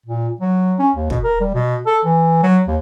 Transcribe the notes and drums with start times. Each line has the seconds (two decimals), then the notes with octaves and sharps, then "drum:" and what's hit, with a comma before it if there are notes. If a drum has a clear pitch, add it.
0.06 A#2
0.41 F#3
0.79 C#4
0.95 D#2
1.10 B2, drum: kick
1.24 A#4
1.41 G3
1.54 B2
1.87 A4
2.05 E3
2.43 F#3
2.68 D#2